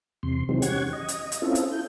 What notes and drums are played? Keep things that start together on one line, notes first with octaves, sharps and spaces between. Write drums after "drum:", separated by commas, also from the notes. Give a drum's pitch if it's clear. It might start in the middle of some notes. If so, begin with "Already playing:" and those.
E2 C3 C6
C3 D#3 E3 F#3 G#3 C4
C#4 G4 F#5 C#6 G#6, drum: hi-hat
D#5
drum: hi-hat
drum: hi-hat
C4 C#4 E4 F4 A4
drum: hi-hat
E4 G6